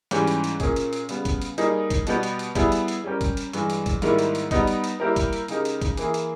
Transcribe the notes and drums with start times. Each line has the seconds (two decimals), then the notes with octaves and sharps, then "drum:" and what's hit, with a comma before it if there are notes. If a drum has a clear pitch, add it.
0.11 G#2 E3 G3 C#4 G4, drum: hi-hat
0.27 drum: hi-hat
0.44 drum: hi-hat
0.60 A#2 A#3 C#4 G#4, drum: kick B1, hi-hat
0.76 drum: hi-hat
0.93 drum: hi-hat
1.09 C#3 G3 B3, drum: hi-hat
1.25 drum: kick B1, hi-hat
1.42 drum: hi-hat
1.58 G3 A#3 D#4 G#4, drum: hi-hat
1.90 drum: kick B1, hi-hat
2.07 B2 G3 B3 G4, drum: hi-hat
2.23 drum: hi-hat
2.39 drum: hi-hat
2.55 G3 B3 E4 G#4, drum: kick B1, hi-hat
2.72 drum: hi-hat
2.88 drum: hi-hat
3.04 G3 C#4 G4 A#4
3.21 drum: kick B1, hi-hat
3.37 drum: hi-hat
3.53 G2 E3 G#3, drum: hi-hat
3.70 drum: hi-hat
3.86 drum: kick B1, hi-hat
4.02 G#2 D#3 G3 A#3 E4, drum: hi-hat
4.19 drum: hi-hat
4.35 drum: hi-hat
4.51 G3 B3 D#4, drum: kick B1, hi-hat
4.67 drum: hi-hat
4.84 drum: hi-hat
5.00 G3 A#3 E4 G4 A#4
5.16 drum: kick B1, hi-hat
5.33 drum: hi-hat
5.48 C#3 G#3 D#4 G4 A#4, drum: hi-hat
5.65 drum: hi-hat
5.82 drum: kick B1, hi-hat
5.97 E3 A#3 E4 G#4, drum: hi-hat
6.14 drum: hi-hat